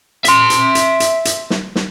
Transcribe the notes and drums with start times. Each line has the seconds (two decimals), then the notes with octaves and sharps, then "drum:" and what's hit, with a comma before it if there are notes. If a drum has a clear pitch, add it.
0.25 E5 C6, drum: hi-hat
0.50 drum: hi-hat
0.75 drum: hi-hat
1.00 drum: hi-hat
1.25 drum: hi-hat
1.50 drum: snare
1.76 drum: snare